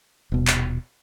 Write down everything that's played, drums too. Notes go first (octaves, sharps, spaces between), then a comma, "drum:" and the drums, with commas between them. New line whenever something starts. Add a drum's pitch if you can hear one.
D#1 B2
drum: clap